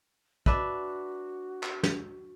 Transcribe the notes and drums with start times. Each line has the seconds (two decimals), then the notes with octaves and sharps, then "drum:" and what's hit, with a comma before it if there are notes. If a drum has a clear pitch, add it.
0.46 D4 F#4 B4 E5, drum: kick
1.63 drum: clap
1.83 drum: snare